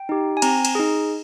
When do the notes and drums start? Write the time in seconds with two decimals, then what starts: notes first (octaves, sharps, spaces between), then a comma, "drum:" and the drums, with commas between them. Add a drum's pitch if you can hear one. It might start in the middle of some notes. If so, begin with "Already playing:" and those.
Already playing: G5
0.09 D#4 G4
0.37 G#5
0.42 C4 A#5, drum: cymbal
0.65 drum: cymbal
0.75 D#4 G#4